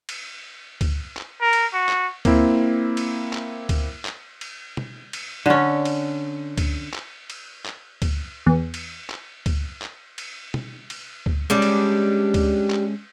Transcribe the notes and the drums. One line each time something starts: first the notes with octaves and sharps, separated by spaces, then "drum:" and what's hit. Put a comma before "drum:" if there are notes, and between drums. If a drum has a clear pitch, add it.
drum: cymbal
drum: kick D2, cymbal
drum: clap
A#4
drum: cymbal
F#4
drum: clap
A#3 C4 E4, drum: kick D2, cymbal
drum: cymbal
drum: clap
drum: kick D2, cymbal
drum: clap
drum: cymbal
drum: tom
drum: cymbal
D3 C#4
drum: cymbal
drum: kick D2, cymbal
drum: clap
drum: cymbal
drum: clap
drum: kick D2, cymbal
E2
drum: cymbal
drum: clap
drum: kick D2, cymbal
drum: clap
drum: cymbal
drum: tom
drum: cymbal
drum: kick D2
G3 G#3 C#4 D4
drum: cymbal
drum: kick D2, cymbal
drum: clap